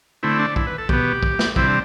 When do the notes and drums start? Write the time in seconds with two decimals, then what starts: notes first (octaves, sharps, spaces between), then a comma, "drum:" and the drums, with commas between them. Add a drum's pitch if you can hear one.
0.23 D3 A3 C4 E4
0.39 D4
0.56 E4, drum: kick
0.67 B4
0.78 A4
0.89 B2 B3 G4, drum: kick
1.23 drum: kick
1.39 drum: snare
1.56 C3 G3 C4 E4, drum: kick
1.67 D4